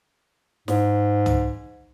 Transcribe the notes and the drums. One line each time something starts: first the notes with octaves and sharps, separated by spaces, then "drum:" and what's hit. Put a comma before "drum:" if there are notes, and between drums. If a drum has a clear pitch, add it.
G#2, drum: snare
drum: tom